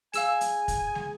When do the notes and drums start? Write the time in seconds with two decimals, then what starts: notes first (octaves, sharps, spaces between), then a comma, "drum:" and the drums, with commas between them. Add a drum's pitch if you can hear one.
0.14 G#4 F5 G#5 E6 E7, drum: hi-hat
0.41 drum: hi-hat
0.68 drum: kick, hi-hat
0.95 drum: snare